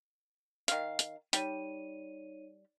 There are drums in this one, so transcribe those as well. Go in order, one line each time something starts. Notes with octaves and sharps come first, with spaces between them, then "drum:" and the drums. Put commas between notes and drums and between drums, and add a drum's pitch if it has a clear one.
D#3 F5, drum: hi-hat
drum: hi-hat
G3 D#4 C#5 D#7, drum: hi-hat